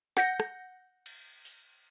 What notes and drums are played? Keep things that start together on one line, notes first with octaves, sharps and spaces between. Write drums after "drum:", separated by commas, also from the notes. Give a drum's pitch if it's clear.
F#5 G6 A#6 C#7, drum: snare
drum: rim click
drum: cymbal
drum: open hi-hat